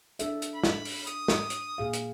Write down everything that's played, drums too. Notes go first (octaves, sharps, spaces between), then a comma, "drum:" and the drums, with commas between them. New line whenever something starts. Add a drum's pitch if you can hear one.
D4 A4 E5, drum: hi-hat
drum: hi-hat
B5
drum: snare
drum: open hi-hat
D#6, drum: hi-hat
drum: snare
drum: hi-hat
A#2 G#4 F5
drum: hi-hat